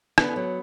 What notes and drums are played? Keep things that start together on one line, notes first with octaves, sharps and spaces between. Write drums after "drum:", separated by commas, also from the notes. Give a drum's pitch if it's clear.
D3 B3, drum: rim click
F#3